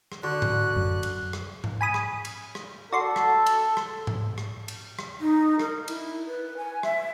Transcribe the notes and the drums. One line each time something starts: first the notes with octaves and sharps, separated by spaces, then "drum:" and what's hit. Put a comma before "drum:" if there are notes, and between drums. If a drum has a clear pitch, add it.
drum: rim click
D3 F#4 C#6 F#6
drum: tom G#2
F#2
drum: cymbal
drum: rim click
drum: tom G#2
G#5 B5 D#6
drum: rim click
drum: cymbal
drum: rim click
F#4 A4 D5 C6
drum: rim click
drum: cymbal
drum: rim click
drum: tom G#2
drum: rim click
drum: cymbal
drum: rim click
D#4
A#4, drum: rim click
E4, drum: cymbal
B4
G#5
E5, drum: rim click